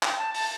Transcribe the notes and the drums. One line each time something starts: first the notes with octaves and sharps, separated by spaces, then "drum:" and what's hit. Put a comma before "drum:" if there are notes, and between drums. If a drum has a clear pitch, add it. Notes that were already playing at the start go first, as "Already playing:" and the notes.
G5, drum: clap
A5
A5, drum: open hi-hat